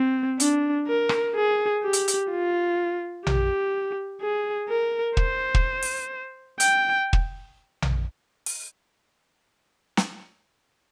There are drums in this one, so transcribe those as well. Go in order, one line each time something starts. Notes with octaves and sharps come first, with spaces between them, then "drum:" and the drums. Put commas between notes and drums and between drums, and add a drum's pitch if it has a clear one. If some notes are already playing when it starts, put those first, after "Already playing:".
Already playing: C4
D4, drum: hi-hat
A#4
drum: rim click
G#4
G4
drum: hi-hat
drum: hi-hat
F4
G4, drum: tom A#1
G#4
A#4
C5, drum: kick
drum: kick
drum: open hi-hat
G5, drum: hi-hat
drum: kick
drum: tom A#1
drum: open hi-hat
drum: snare